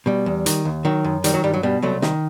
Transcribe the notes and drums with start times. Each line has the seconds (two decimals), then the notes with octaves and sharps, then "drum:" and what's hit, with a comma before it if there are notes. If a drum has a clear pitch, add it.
0.06 B2 G3
0.26 E2
0.46 D#3, drum: hi-hat
0.65 D#2
0.85 D#3 F#3
1.04 F#2
1.24 D#3 G3, drum: hi-hat
1.34 F#3
1.44 G2 G3
1.54 F#3
1.63 B2 G3
1.82 C2 F#3 A3
2.02 D#3, drum: snare